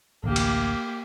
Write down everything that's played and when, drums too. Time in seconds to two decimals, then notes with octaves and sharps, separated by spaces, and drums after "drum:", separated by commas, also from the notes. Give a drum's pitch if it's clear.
0.24 A1 D2 A#3 G4
0.36 drum: cymbal